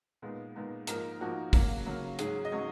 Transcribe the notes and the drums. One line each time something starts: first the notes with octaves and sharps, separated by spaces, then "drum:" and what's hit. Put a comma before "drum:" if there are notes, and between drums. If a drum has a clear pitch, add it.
A#2 G#3 B3 D#4 G#4
A#2 G#3 B3 D#4
G#2 F3 A#3 D#4 A#4, drum: hi-hat
G#2 F3 A#3 D#4 F#4
C#3 F#3 A#3, drum: kick, open hi-hat
C#3 F#3 A#3
G#2 F#3 C#4 G#4, drum: hi-hat
D#5
F#3 C#4 C#5